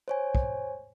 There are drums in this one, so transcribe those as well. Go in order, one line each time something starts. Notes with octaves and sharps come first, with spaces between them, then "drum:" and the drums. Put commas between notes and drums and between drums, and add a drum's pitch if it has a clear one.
C5 C#5 G#5
drum: kick